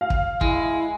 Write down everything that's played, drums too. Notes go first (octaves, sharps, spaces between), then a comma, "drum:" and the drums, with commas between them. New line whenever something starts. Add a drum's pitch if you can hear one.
F5
drum: kick
G#3 E4, drum: kick